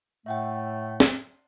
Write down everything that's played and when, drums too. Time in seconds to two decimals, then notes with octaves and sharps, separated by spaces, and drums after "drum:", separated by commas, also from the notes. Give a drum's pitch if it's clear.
0.26 A2 A3 E5 F#5 G5
1.00 drum: snare